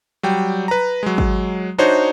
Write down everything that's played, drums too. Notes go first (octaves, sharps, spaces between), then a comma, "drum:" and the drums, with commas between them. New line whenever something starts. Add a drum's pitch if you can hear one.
F#3 G3 G5
B4 A#5
F#3 G#3
drum: kick G#1
D4 D#4 F#4 C5 C#5